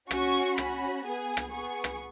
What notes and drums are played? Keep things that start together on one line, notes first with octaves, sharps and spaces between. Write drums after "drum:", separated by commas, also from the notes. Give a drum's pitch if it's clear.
C#4 F#4 C#6, drum: rim click
C#4 F#4 B5, drum: rim click
B3 G#4 G#5
drum: rim click
B3 G#4 C#6
drum: rim click